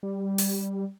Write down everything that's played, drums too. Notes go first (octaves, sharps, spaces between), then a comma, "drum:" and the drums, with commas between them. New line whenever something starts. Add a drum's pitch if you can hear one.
G3
drum: open hi-hat